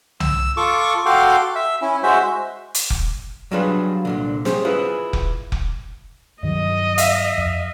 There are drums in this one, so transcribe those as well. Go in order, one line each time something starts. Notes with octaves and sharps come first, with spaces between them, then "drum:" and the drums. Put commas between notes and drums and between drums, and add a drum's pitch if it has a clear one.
E6, drum: tom C2
F4 A4 C#6 D6
F#4 A4 F5 G5 C6 D6
E5
C#4 E4
G#3 F#4 C5 E5
drum: hi-hat
drum: kick F1
F#3 G3 D4 F4 G#4 B4
C2 A#2 D3
C#4 G4 G#4 C5, drum: snare
E4 F4 G#4 B4
drum: kick F1
drum: kick F1
G2 D#3 F#3 D#5
E5 F5, drum: hi-hat
F2